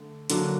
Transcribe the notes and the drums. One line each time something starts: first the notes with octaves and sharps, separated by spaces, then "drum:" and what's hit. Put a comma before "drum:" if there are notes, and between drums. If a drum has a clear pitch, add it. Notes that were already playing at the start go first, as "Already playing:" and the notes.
Already playing: D3 A3
D3 F#3 A#3 D4, drum: hi-hat